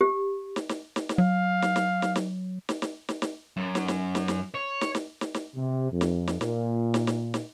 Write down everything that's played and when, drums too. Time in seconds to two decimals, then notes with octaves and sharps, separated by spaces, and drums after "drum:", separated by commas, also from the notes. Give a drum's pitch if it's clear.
0.01 G4
0.56 drum: snare
0.69 drum: snare
0.96 drum: snare
1.09 drum: snare
1.18 F#3 F5
1.62 drum: snare
1.76 drum: snare
2.02 drum: snare
2.16 drum: snare
2.69 drum: snare
2.82 drum: snare
3.09 drum: snare
3.22 drum: snare
3.57 F#2
3.75 drum: snare
3.88 drum: snare
4.15 drum: snare
4.28 drum: snare
4.54 C#5
4.81 drum: snare
4.95 drum: snare
5.21 drum: snare
5.34 drum: snare
5.56 C3
5.92 F2
6.01 drum: snare
6.27 drum: snare
6.41 A#2, drum: snare
6.94 drum: snare
7.07 drum: snare
7.34 drum: snare